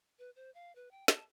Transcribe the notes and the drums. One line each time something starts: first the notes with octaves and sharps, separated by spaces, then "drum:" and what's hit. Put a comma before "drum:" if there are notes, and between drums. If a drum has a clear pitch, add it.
B4
C5
F5
B4
G5
A5, drum: snare